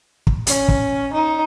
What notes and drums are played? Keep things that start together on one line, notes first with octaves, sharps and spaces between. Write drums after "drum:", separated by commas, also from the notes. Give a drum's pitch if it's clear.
drum: kick
C#4, drum: hi-hat
drum: kick
D#4